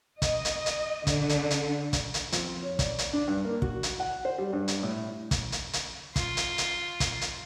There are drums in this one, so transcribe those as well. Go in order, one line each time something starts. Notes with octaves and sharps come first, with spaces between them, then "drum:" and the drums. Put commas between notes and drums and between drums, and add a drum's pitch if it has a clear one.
D#5, drum: kick, hi-hat
drum: hi-hat
drum: hi-hat
D3, drum: kick, hi-hat
drum: hi-hat
drum: hi-hat
drum: kick, hi-hat
drum: hi-hat
F2, drum: hi-hat
C#5
D5, drum: kick, hi-hat
drum: hi-hat
D4
G2
A#3
F#4, drum: kick
drum: hi-hat
F#5
C5
G3
G2
drum: hi-hat
A2
drum: kick, hi-hat
drum: hi-hat
drum: hi-hat
F4, drum: kick, hi-hat
drum: hi-hat
drum: hi-hat
drum: kick, hi-hat
drum: hi-hat